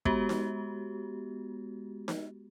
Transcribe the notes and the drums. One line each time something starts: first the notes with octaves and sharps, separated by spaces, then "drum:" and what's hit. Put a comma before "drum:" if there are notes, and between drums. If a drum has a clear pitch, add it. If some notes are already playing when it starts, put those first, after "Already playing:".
G#3 B3 F#4 G4, drum: kick
drum: snare D#4
drum: snare D#4